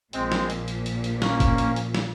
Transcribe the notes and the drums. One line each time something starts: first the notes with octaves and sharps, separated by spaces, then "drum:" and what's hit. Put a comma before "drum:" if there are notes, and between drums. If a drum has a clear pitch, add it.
A#1 A#2 F3 G#3 C4, drum: hi-hat
drum: snare
drum: hi-hat
drum: hi-hat
drum: hi-hat
drum: hi-hat
A#3 C#4, drum: snare
drum: kick G1, hi-hat
drum: hi-hat
drum: hi-hat
drum: snare